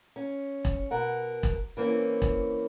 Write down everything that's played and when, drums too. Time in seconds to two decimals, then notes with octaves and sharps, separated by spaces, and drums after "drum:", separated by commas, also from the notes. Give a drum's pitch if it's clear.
0.16 C#4
0.65 drum: kick E1
0.91 B2 A#4 F#5
1.43 drum: kick E1
1.77 E3 A#3 C4 C#4
2.22 drum: kick E1